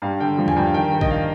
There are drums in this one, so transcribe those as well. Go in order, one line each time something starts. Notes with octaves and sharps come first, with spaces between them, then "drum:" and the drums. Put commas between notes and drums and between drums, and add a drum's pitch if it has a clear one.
G2 F5
D3 G5
F3 F5
G#5, drum: tom E2
G2 G5
F5
D#3 G5
D#3
D#5, drum: kick
F5